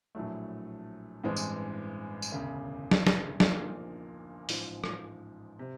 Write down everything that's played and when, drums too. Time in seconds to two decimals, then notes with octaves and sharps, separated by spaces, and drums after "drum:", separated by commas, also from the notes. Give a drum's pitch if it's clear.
0.15 A#1 A2 F#3 A3
1.24 A1 G2 E3 G#3 C4
1.36 drum: tambourine
2.22 drum: tambourine
2.32 E1 D2 C#3
2.91 drum: snare
3.07 drum: snare
3.40 A#1 A#2 F3 A#3 D#4, drum: snare
4.49 A1 G#2 F3, drum: open hi-hat
4.84 drum: rim click
5.59 C3